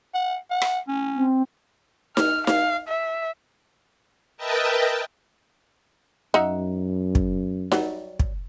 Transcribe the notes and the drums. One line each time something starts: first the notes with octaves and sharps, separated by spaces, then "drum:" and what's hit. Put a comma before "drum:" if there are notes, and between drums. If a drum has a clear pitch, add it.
F#5
F#5
drum: rim click
C#4
C4
F6, drum: snare D#4
F5, drum: snare D#4
E5
A#4 B4 D#5 E5 G5 A5
F#2 D#4 F#4 E5
drum: kick
F#3 G3, drum: snare D#4
drum: kick